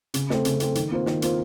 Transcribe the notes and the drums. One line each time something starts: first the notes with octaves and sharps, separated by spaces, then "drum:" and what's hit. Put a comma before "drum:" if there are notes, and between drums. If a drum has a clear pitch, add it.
C#3, drum: hi-hat
A3 C4, drum: snare
C#3, drum: hi-hat
A3 C4, drum: hi-hat
D#3, drum: hi-hat
A#3 F4 C5
D#3, drum: snare
A#3 F4 C5, drum: hi-hat